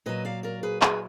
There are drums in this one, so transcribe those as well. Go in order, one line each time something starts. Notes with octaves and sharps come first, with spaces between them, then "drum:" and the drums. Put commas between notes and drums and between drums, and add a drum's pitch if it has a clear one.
A#2 F#3 B4 D#5
D5 F5
A#4 D5
G#4 B4
G#4 B4, drum: clap